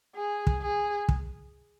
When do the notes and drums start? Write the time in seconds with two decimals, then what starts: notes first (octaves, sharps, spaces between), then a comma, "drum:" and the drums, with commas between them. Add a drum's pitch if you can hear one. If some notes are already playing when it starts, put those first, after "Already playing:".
0.15 G#4
0.47 drum: kick
0.62 G#4
1.09 drum: kick